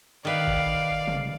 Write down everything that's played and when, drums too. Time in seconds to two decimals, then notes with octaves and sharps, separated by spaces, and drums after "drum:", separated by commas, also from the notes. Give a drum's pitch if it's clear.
0.25 D#3 B4 D5 F5
0.47 drum: kick G#1
1.08 drum: tom